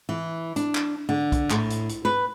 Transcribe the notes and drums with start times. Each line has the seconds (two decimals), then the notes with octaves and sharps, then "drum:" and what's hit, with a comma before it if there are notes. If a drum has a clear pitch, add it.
0.09 E3
0.56 D4, drum: hi-hat
0.75 drum: clap
1.09 D3
1.32 drum: kick, hi-hat
1.50 A2, drum: clap
1.70 drum: hi-hat
1.89 drum: hi-hat
2.05 B4